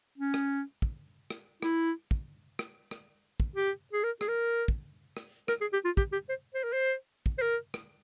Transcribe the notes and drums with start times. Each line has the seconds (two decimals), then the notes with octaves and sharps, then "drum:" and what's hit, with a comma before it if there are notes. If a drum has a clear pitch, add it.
0.18 C#4
0.34 drum: rim click
0.82 drum: kick
1.30 drum: rim click
1.62 E4, drum: rim click
2.11 drum: kick
2.59 drum: rim click
2.91 drum: rim click
3.40 drum: kick
3.56 G4
3.93 G#4
4.03 A#4
4.21 G#4, drum: rim click
4.28 A#4
4.68 drum: kick
5.17 drum: rim click
5.48 A#4, drum: rim click
5.61 G#4
5.73 G4
5.85 F4
5.97 G4, drum: kick
6.13 G4
6.29 C5
6.54 C5
6.64 A#4
6.72 C5
7.26 drum: kick
7.38 C5
7.42 A#4
7.74 drum: rim click